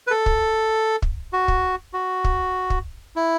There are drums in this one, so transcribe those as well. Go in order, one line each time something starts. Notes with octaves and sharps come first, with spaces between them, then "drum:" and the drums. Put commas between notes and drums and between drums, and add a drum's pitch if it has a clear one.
B4
A4
drum: kick
drum: kick
F#4
drum: kick
F#4
drum: kick
drum: kick
E4